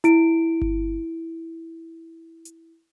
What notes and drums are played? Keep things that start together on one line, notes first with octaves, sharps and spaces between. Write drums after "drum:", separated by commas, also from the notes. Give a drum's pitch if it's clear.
E4 D7, drum: hi-hat
drum: kick G1
drum: hi-hat